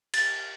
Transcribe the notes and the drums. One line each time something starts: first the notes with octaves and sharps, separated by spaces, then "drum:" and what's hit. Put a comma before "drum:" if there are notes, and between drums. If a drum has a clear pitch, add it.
A6, drum: cymbal